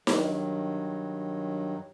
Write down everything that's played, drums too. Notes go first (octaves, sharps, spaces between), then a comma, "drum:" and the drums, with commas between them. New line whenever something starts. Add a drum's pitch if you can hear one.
G2 D#3 F#3, drum: snare D#4